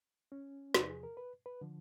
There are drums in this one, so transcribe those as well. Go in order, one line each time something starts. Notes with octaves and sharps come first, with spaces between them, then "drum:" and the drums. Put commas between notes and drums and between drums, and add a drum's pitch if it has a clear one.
C#4
E2 C3 F3 D#4, drum: snare
G#4
A#4
B4
B4
D3 F3